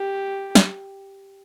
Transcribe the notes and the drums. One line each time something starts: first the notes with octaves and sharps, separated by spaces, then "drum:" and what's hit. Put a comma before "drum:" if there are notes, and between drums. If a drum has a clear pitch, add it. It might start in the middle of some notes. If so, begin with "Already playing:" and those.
Already playing: G4
drum: snare